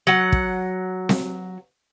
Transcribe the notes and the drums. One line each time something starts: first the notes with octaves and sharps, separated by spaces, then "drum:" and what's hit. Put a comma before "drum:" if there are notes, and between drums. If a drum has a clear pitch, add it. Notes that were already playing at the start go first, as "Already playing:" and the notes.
F#3 F#5
drum: kick
drum: snare C4